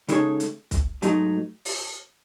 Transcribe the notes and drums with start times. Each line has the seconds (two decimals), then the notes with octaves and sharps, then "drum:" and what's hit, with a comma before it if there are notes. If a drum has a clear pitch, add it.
0.09 C#3 G#3 D#4 A4 C#5, drum: hi-hat
0.40 drum: hi-hat
0.71 drum: kick, hi-hat
1.02 G#2 F#3 A3 D#4, drum: hi-hat
1.65 drum: open hi-hat